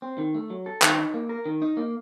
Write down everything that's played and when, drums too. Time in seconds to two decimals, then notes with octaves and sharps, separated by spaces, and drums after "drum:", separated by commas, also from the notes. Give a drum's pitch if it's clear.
0.02 C4
0.18 D#3
0.34 A3
0.50 F#3
0.66 A4
0.82 D#3, drum: clap
0.98 D#4
1.14 A#3
1.29 A#4
1.46 D#3
1.62 D#4
1.77 A#3